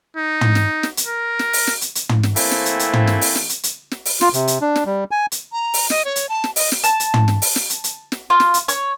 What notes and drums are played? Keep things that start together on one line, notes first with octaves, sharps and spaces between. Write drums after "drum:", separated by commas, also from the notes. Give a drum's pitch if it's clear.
D#4
drum: tom
drum: snare
drum: snare
drum: hi-hat
A#4
drum: snare
drum: open hi-hat
drum: snare
drum: hi-hat
drum: hi-hat
drum: tom
drum: snare
E3 A3 A#3 C4, drum: open hi-hat
drum: snare
drum: hi-hat
drum: hi-hat
drum: tom
drum: snare
drum: open hi-hat
drum: snare
drum: hi-hat
drum: hi-hat
drum: snare
drum: open hi-hat
F4, drum: snare
C3, drum: hi-hat
drum: hi-hat
D4
drum: snare
G3
G#5
drum: hi-hat
A#5
drum: open hi-hat
D#5, drum: snare
C#5
drum: hi-hat
A5
drum: snare
D#5, drum: open hi-hat
drum: snare
A5, drum: hi-hat
drum: hi-hat
drum: tom
drum: snare
drum: open hi-hat
drum: snare
drum: hi-hat
drum: hi-hat
drum: snare
F4
drum: snare
drum: hi-hat
C#5, drum: hi-hat